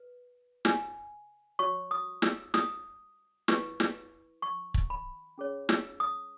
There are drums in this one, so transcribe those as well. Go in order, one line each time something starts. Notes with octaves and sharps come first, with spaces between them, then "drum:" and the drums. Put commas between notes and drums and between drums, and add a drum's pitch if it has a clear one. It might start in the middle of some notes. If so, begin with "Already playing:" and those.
Already playing: B4
G#5, drum: snare
F#4 C#5 C#6
D#6
E6, drum: snare
D#6, drum: snare
E4 B4 C#6, drum: snare
drum: snare
C#6
drum: kick
B5
C#4 G#4 C#5
E6, drum: snare
D#6